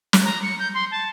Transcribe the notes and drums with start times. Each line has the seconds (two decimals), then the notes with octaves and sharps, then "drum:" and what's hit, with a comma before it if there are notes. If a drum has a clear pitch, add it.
0.13 drum: snare
0.25 A#5
0.43 C#7
0.59 G6
0.74 C6
0.91 A5